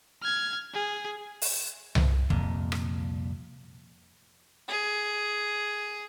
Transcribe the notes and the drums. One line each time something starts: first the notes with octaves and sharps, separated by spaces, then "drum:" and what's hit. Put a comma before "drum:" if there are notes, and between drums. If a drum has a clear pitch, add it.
F6 G#6
G#4
drum: open hi-hat
drum: tom C2
C2 F2 A#2, drum: kick
drum: rim click
G#4